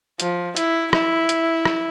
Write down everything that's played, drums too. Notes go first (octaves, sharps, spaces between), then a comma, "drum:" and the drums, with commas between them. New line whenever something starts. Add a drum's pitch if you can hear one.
F3, drum: hi-hat
E4, drum: hi-hat
E4, drum: rim click
drum: hi-hat
drum: rim click